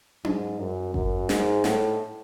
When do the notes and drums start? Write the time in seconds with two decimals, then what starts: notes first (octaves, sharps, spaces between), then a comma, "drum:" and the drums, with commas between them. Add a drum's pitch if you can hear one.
0.25 G#2, drum: tom C#4
0.60 F#2
0.94 F#2, drum: kick G1
1.29 G#2, drum: snare
1.64 A2, drum: snare